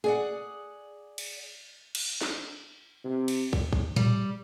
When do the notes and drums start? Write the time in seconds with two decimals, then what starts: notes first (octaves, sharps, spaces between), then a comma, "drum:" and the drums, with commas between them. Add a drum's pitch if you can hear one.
0.04 G#4 D5 F#5
1.18 drum: cymbal
1.95 drum: cymbal
2.21 drum: snare
3.04 C3
3.28 drum: cymbal
3.53 drum: kick
3.73 drum: kick
3.96 G3, drum: tom A2